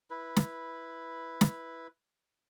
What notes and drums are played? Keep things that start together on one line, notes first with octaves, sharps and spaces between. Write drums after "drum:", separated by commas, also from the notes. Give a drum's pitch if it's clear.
E4 B4
drum: snare
drum: snare